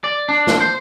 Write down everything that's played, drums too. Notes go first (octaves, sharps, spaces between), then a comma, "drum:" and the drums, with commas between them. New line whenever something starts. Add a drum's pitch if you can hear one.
D5
D4
drum: snare
C5